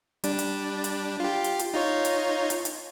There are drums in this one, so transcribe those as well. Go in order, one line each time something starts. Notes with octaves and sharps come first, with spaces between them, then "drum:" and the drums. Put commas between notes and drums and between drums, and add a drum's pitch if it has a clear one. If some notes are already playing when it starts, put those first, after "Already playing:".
G3 D4, drum: hi-hat
drum: hi-hat
drum: hi-hat
F4 G4
drum: hi-hat
drum: hi-hat
D#4 F4 C#5
drum: hi-hat
drum: hi-hat
drum: hi-hat